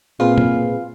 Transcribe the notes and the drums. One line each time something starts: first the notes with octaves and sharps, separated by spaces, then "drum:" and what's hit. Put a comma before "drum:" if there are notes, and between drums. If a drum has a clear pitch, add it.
A#2 C4 F4 G#4 B4
drum: tom A#2